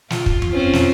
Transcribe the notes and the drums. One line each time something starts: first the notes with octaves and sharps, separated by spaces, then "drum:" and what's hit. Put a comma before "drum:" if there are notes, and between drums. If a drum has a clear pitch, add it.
F4, drum: snare
drum: kick
drum: tom F2
C4 C#4 F4
drum: snare